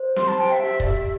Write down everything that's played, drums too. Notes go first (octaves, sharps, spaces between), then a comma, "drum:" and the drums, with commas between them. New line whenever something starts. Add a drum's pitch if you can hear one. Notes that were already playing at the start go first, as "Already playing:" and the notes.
Already playing: C5
G4 C6, drum: snare
A5
C5 G5
E5
G4 E5
D5, drum: kick
G4 E5